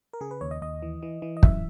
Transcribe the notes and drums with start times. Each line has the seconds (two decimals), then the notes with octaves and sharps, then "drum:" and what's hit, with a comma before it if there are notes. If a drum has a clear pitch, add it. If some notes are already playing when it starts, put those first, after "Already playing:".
0.13 A#4
0.21 C#3 G#4
0.31 B4
0.41 D#2 C#5
0.51 D#5
0.62 D#2 D#5
0.82 E3
1.03 E3
1.22 E3
1.37 D#5
1.43 F#2 E5, drum: kick